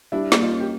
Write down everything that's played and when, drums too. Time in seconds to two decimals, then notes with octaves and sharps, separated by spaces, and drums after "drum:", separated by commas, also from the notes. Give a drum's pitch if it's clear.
0.12 G3 D4 E4
0.32 A#3, drum: snare
0.41 D#4 F4
0.51 C#4
0.60 G4